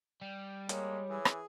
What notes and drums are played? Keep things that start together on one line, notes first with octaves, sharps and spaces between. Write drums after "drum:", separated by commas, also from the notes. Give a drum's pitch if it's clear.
G3
G#3 A#3 C#5, drum: hi-hat
E3 G#4
drum: rim click